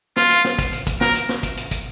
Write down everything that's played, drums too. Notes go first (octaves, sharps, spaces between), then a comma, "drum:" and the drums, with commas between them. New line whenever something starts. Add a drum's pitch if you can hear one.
F4, drum: snare
drum: hi-hat
drum: snare
drum: kick, hi-hat
drum: hi-hat
drum: kick, hi-hat
A#4, drum: snare
drum: hi-hat
drum: snare
drum: kick, hi-hat
drum: hi-hat
drum: kick, hi-hat